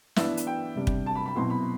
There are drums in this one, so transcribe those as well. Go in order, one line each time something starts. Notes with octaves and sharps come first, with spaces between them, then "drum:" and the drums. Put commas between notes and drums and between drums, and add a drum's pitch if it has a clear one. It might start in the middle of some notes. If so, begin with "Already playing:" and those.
E3 B3 D4 E5, drum: snare
drum: hi-hat
G5
C3 G3 D4
drum: kick
A5
B5
B5
B2 F#3 C4 E4 C6
B5